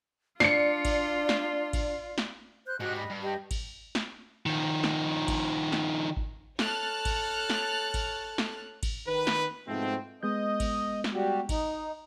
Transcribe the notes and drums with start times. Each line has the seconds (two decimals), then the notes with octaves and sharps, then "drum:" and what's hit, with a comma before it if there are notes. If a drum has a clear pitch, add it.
0.40 D4 F4 D5 C7 C#7, drum: snare
0.85 drum: kick G#1, cymbal
1.29 drum: snare
1.73 drum: kick G#1, cymbal
2.18 drum: snare
2.66 C5 F#6 G6
2.80 G#2 G3 F#4 D#5 F#6
2.96 D#5 B5
3.10 G2
3.22 G4 D#5 G5
3.51 drum: kick G#1, cymbal
3.95 drum: snare
4.46 D#3 F3
4.84 drum: snare
5.28 drum: kick G#1, cymbal
5.72 drum: snare
6.17 drum: kick G#1
6.59 A4 C#5 A5 F6 F#6 A6, drum: snare
7.05 drum: kick G#1, cymbal
7.50 drum: snare
7.94 drum: kick G#1, cymbal
8.38 drum: snare
8.83 drum: kick G#1, cymbal
9.07 D#3 B4
9.27 drum: snare
9.67 G#2 B2 F3 A3 C4
10.23 G#3 B3 D#5 G6
10.60 drum: kick G#1, cymbal
11.04 drum: snare
11.14 G3 F#4 G4
11.49 D#4, drum: kick G#1, cymbal